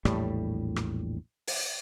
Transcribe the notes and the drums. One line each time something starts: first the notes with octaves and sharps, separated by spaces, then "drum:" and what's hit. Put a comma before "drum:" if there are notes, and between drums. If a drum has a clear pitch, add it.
A#1 E2 A2 G3, drum: rim click
drum: rim click
drum: open hi-hat